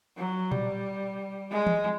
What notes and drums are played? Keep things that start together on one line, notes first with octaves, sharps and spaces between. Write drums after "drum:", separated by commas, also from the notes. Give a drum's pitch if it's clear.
F#3
G3, drum: tom A#2
G#3
drum: tom E3